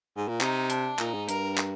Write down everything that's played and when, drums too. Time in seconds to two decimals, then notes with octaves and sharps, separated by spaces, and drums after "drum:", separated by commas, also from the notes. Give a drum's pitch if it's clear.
0.17 G#2
0.28 A#2
0.41 C3 D#4, drum: clap
0.70 D4, drum: hi-hat
0.99 A#2 D#4, drum: clap
1.14 G#2
1.29 G2 A#4, drum: hi-hat
1.58 drum: clap